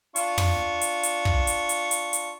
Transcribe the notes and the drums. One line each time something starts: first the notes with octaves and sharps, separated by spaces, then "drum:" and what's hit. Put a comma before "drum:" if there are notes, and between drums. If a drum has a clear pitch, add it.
D4 F4 C#6, drum: hi-hat
drum: tom
drum: hi-hat
drum: hi-hat
drum: kick
drum: hi-hat
drum: hi-hat
drum: hi-hat
drum: hi-hat